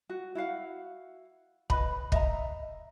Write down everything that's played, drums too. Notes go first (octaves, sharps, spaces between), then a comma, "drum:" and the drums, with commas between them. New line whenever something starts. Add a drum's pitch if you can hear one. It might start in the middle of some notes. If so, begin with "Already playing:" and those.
F#4
E4 F#4 F5 F#5
B4 D#5 B5, drum: kick
D#5 E5 A#5, drum: kick